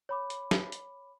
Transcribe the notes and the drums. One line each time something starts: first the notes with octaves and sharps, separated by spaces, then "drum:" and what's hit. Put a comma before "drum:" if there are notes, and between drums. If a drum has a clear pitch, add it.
C#5 B5 D6
drum: hi-hat
drum: snare
drum: hi-hat